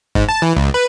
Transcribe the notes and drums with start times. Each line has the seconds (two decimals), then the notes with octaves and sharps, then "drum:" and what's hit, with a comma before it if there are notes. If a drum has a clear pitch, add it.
0.15 G#2, drum: kick F#1
0.29 A5
0.42 E3
0.56 C#2
0.74 B4